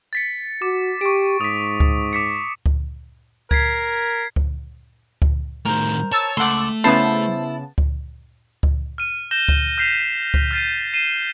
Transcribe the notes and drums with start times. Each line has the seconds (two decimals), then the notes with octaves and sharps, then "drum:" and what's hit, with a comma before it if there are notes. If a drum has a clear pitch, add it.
0.13 A6 B6 C#7
0.62 F#4 D6
1.01 G4 C#6 D7
1.41 G#2 D#6 B6
1.80 drum: kick C#2
2.13 D6 B6 C#7
2.66 drum: kick C#2
3.51 A#4 G#6 B6 C7, drum: kick C#2
4.36 drum: kick C#2
5.22 drum: kick C#2
5.65 A2 D#3 A#4 C5
6.12 C#5 A5 E6
6.37 C#2 A3 F#5 C6 D6
6.84 C#3 B3 E4 C5 A5
7.78 drum: kick C#2
8.63 drum: kick C#2
8.98 F6 D#7
9.31 G6 A#6 E7 G7
9.49 drum: kick C#2
9.78 F6 G6 B6 C7 D#7 F7
10.34 drum: kick C#2
10.51 F6 G6 A6 C7 D#7
10.93 C7 D#7 E7 G7